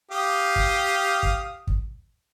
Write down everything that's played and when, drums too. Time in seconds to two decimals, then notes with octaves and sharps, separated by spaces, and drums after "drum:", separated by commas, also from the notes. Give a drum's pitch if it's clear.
0.11 G4 F5 D#6
0.56 drum: kick
1.23 drum: kick
1.67 drum: kick